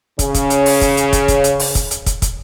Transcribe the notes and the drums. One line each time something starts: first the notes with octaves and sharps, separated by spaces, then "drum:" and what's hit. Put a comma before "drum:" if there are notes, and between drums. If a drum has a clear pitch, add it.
C#3 C#4, drum: kick, hi-hat
drum: kick, hi-hat
drum: hi-hat
drum: open hi-hat
drum: kick, hi-hat
drum: hi-hat
drum: kick, hi-hat
drum: kick, hi-hat
drum: hi-hat
drum: open hi-hat
drum: kick, hi-hat
drum: hi-hat
drum: kick, hi-hat
drum: kick, hi-hat